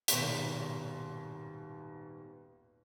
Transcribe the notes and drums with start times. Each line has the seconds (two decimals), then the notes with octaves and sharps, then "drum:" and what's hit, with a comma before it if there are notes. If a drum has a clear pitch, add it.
0.08 D#1 G#1 B2 C6 C#6, drum: hi-hat